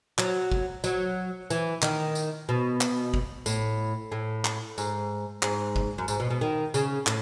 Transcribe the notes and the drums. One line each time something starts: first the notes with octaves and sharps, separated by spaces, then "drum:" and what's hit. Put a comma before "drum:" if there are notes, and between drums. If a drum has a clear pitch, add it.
F#3, drum: clap
drum: kick
F#3, drum: tambourine
E3, drum: tambourine
D#3, drum: clap
drum: tambourine
B2
drum: clap
drum: kick
A2, drum: tambourine
A2
drum: clap
G#2, drum: tambourine
G#2, drum: clap
drum: kick
F#2
G#2, drum: tambourine
B2
B2
D#3
C#3, drum: tambourine
A2, drum: clap